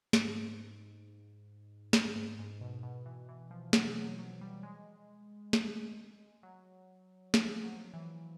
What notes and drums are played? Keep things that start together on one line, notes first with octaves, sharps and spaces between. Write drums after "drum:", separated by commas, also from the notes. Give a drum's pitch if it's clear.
G#2, drum: snare
drum: snare
G#2
G#2
B2
B2
E3
E3
F3
F#3, drum: snare
F#3
F#3
G3
G#3
drum: snare
F#3
F3, drum: snare
F#3
E3